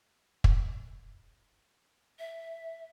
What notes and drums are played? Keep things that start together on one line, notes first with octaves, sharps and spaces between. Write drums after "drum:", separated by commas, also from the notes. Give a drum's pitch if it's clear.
drum: kick
E5